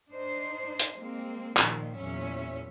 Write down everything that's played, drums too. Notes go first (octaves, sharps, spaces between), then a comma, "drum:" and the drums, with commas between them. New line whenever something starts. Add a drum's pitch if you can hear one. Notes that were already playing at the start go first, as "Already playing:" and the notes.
D4 D#4 C5
drum: hi-hat
G#3 A#3 C4
A#2 D#3 F3, drum: clap
E2 A#2 F#3 C#4 E5